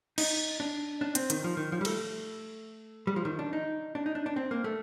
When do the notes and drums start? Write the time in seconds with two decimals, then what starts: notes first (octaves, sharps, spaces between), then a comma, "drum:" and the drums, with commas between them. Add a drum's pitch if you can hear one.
0.18 D#4, drum: cymbal
0.60 D4
1.01 D4
1.15 C4, drum: hi-hat
1.30 D#3, drum: hi-hat
1.44 F3
1.57 D#3
1.72 F3
1.81 G3
1.85 A3, drum: cymbal
3.07 G3
3.16 F3
3.25 D#3
3.39 D4
3.53 D#4
3.95 D4
4.06 D#4
4.15 D4
4.26 D4
4.36 C4
4.51 A#3
4.64 A3